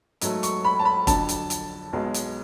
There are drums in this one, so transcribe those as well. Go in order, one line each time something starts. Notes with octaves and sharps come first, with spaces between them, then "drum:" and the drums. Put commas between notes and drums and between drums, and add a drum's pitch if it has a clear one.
G#2 F#3 A3, drum: hi-hat
C#6, drum: hi-hat
B5
A5
B5
F2 D3 F#3 A5, drum: kick, hi-hat
drum: hi-hat
drum: hi-hat
B1 B2 G#3
drum: hi-hat